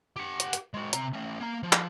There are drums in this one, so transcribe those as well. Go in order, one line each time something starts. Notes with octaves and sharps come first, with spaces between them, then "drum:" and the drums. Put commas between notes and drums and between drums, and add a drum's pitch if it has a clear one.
G4 F#5
drum: hi-hat
drum: hi-hat
G#3 F#4
C3 A#5, drum: hi-hat
A3 C#4
A#3 A#5
F3
drum: clap